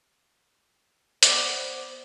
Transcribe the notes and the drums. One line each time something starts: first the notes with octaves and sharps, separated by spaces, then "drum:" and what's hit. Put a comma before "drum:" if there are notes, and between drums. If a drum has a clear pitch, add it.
B3 C5 D5, drum: hi-hat